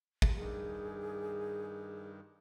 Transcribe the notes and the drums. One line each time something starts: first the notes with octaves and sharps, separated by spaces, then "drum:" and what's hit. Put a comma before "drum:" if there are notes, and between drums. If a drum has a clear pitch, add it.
drum: kick G1
G2 D#3 G#4